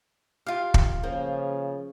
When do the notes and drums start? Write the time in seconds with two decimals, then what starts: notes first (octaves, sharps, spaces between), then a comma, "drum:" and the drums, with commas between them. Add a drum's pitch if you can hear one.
0.46 F4 G4 F5
0.74 drum: kick
1.03 C#3 F3 A#3